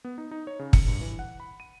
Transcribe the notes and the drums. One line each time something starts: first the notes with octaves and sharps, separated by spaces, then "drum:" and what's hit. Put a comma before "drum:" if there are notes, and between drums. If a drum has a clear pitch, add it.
B3
D#4
D#4
C#5
C#3
C#7, drum: kick
G2
E3
F#5
B5
D#7